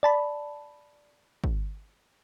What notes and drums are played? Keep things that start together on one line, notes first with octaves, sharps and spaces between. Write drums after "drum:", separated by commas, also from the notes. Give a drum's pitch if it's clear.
D5 A5 B5
drum: kick